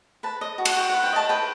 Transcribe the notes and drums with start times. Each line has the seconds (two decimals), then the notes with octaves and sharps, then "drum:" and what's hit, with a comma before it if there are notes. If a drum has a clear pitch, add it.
0.23 B4 A5
0.41 D#5
0.58 F#4
0.65 F#5, drum: cymbal
0.76 F#4 G5
0.89 B4 F#5
1.03 G5
1.12 D#5 A5
1.29 B4 G5